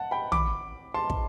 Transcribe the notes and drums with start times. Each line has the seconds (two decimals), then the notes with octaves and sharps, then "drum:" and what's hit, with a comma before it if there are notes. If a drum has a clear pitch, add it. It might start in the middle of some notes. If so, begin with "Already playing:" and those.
Already playing: F#5 A5
0.11 G5 B5
0.32 B5 D6, drum: tom
0.94 A5 C6
1.10 drum: kick